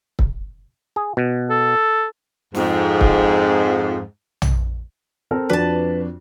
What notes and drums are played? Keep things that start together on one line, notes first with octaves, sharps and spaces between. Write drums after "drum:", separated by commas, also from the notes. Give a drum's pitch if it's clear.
drum: kick
G#4
B2
A4
F2 G#2, drum: snare
drum: kick
drum: tom
C4 A4 A#4
F2 D4 F#4 B4 A5